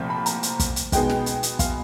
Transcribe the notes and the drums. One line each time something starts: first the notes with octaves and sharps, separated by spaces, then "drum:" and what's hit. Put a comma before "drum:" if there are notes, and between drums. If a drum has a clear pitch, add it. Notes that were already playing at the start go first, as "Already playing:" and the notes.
Already playing: C2 A#2 F3 A3 C4
B5
A#5, drum: hi-hat
drum: hi-hat
drum: kick, hi-hat
drum: hi-hat
B2 G#3 B3 D#4 G5, drum: kick, hi-hat
drum: snare
drum: hi-hat
drum: hi-hat
F5, drum: kick, hi-hat